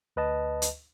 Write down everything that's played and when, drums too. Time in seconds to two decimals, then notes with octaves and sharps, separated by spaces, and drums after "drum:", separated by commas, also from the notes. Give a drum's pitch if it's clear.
0.16 D2 B4 D#5 A5
0.62 drum: hi-hat